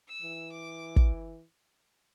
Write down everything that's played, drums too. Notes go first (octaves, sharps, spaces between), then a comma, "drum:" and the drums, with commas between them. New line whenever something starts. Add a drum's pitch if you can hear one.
E6
E3
D6
drum: kick